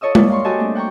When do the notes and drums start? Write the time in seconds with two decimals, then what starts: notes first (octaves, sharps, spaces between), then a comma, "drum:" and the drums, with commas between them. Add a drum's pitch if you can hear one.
0.01 F4 A4 C#5 D#5 D#6 E6
0.15 G3 A#3 E4 D5 D#5, drum: tom G#3
0.30 F5 A#5 C6 C#6
0.44 F#4 G4 A4 D#5 G#5 A5
0.59 A3 C4 D4
0.75 F#5 G5 A#5 C#6